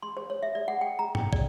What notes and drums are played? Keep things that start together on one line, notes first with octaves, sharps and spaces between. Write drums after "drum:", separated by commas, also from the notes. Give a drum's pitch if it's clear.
C6
C5
C#5
E5
D5
F#5
G5
A#5
G5, drum: tom G2
D5, drum: kick